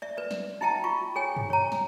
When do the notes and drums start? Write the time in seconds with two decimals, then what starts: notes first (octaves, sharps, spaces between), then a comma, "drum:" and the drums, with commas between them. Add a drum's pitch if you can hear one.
0.02 D5 E5
0.17 B4 D5
0.31 drum: snare
0.61 D#4 E4 E5 G5 A#5
0.84 F4 C#6
1.16 G#4 C#5 G5 G#5
1.37 drum: tom G2
1.50 C#5 A#5
1.72 drum: snare